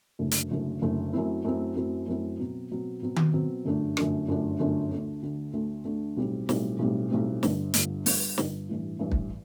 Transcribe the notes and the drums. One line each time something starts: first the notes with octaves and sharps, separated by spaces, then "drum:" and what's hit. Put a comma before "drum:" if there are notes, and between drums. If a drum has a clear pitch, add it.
F#1 F#2 D3 A3
drum: hi-hat
F#1 F#2 D3 A3
F#1 F#2 D3 A3
F#2 F#3 A3 C4 E4
F#2 F#3 A3 C4 E4
F#2 F#3 A3 C4 E4
F#2 F#3 A3 C4 E4
B2 F#3 C4
B2 F#3 C4
B2 F#3 C4
drum: tom D#3
B2 F#3 C4
G1 F#2 D3 A3 D4
G1 F#2 D3 A3 D4, drum: rim click
G1 F#2 D3 A3 D4
G1 F#2 D3 A3 D4
D2 D3 A3 D4
D2 D3 A3 D4
D2 D3 A3 D4
D2 D3 A3 D4
B1 A2 G3 C4
B1 A2 G3 C4, drum: snare
B1 A2 G3 C4
B1 A2 G3 C4
G1 G2 D3, drum: snare
G1 G2 D3, drum: hi-hat
G1 G2 D3, drum: open hi-hat
G1 G2 D3, drum: snare
A1 G2 E3
A1 G2 E3
drum: kick